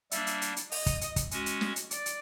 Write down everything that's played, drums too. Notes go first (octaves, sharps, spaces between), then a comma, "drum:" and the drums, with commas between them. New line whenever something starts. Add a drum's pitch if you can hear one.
G3 A#3 D4 E5, drum: hi-hat
drum: hi-hat
drum: hi-hat
drum: hi-hat
D#5, drum: open hi-hat
drum: kick, hi-hat
drum: hi-hat
drum: kick, hi-hat
G#3 C#4 F#4, drum: hi-hat
drum: hi-hat
drum: snare
drum: hi-hat
D5, drum: hi-hat
drum: hi-hat